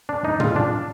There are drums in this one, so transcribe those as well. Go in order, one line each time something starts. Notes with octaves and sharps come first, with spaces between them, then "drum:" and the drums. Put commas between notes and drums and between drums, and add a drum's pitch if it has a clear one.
D4
D#4
D3 G#3 C4 F4, drum: tom
D4